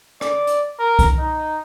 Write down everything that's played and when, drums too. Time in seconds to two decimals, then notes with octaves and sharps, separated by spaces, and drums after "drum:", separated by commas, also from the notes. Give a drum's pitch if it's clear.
0.21 D5, drum: rim click
0.47 drum: hi-hat
0.79 A#4
0.99 drum: kick C2, hi-hat
1.19 D#4